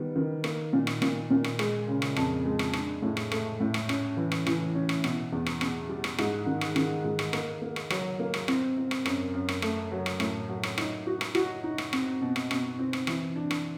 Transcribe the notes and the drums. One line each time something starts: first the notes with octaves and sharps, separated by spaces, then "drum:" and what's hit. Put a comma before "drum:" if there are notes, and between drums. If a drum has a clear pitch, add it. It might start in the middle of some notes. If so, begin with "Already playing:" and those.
Already playing: D#3 G3 B3
D#3
A#3, drum: rim click
A#2
drum: rim click
A#2, drum: rim click
A#2
drum: rim click
G#3, drum: rim click
C#3
drum: rim click
F2, drum: rim click
G#3
drum: rim click
D4, drum: rim click
A2
drum: rim click
A3, drum: rim click
A2
drum: rim click
C#4, drum: rim click
E3
drum: rim click
E3, drum: rim click
C#4
drum: rim click
B2, drum: rim click
E2
drum: rim click
B2, drum: rim click
G3
drum: rim click
G#2, drum: rim click
D#3
drum: rim click
D#3, drum: rim click
G#2
drum: rim click
A#3, drum: rim click
A#3
drum: rim click
F#3, drum: rim click
A#3
drum: rim click
C4, drum: rim click
C4
drum: rim click
F#2, drum: rim click
F#2
drum: rim click
A3, drum: rim click
F#3
drum: rim click
A2, drum: rim click
F#3
drum: rim click
D#4, drum: rim click
F#4
drum: rim click
F#4, drum: rim click
D#4
drum: rim click
C4, drum: rim click
B2
drum: rim click
B2, drum: rim click
C4
drum: rim click
E3, drum: rim click
D4
drum: rim click